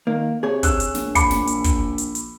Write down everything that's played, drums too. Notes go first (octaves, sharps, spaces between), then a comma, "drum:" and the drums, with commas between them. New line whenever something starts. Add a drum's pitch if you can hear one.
D#3 A#3
C3 G#4 C#5
E6 F#6, drum: kick, hi-hat
drum: hi-hat
A#1, drum: snare
B5 D6 C#7, drum: kick, hi-hat
drum: snare
drum: hi-hat
drum: kick, hi-hat
drum: hi-hat
drum: hi-hat